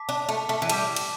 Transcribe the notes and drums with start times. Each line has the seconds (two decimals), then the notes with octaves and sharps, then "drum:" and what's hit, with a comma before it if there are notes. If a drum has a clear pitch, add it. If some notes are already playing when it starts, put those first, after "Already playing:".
Already playing: A5 D6 B6
0.09 D4
0.29 A3
0.49 A3
0.62 E3
0.70 G3 A5 D6 B6, drum: cymbal
0.96 drum: cymbal